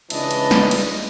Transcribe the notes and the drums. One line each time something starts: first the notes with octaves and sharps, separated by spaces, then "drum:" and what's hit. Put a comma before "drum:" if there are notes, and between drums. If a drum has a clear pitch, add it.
C#2 E3 D4 B4 D#5 A5, drum: cymbal
drum: cymbal
drum: snare
drum: cymbal